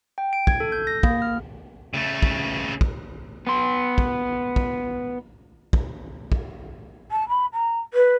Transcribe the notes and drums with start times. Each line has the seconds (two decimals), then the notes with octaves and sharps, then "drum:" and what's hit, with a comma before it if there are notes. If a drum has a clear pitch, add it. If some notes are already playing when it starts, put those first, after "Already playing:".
0.18 G5
0.33 D7
0.47 G#6, drum: kick
0.60 A4
0.72 G6
0.87 A#6
1.03 A#3, drum: kick
1.22 F6
1.94 C#3 A3
2.23 drum: kick
2.81 drum: kick
3.47 B3 C6
3.98 drum: kick
4.56 drum: kick
5.73 drum: kick
6.32 drum: kick
7.11 A5
7.28 B5
7.53 A#5
7.93 B4